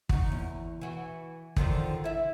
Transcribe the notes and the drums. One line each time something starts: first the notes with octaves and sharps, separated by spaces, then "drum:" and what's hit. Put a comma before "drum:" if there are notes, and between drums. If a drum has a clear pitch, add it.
D#4 F#4, drum: kick
E2
E3 F#4
D3 D#3 F3, drum: kick
E4 E5